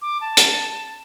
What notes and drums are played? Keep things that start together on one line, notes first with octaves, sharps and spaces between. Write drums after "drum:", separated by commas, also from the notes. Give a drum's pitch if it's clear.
D6
A5
drum: hi-hat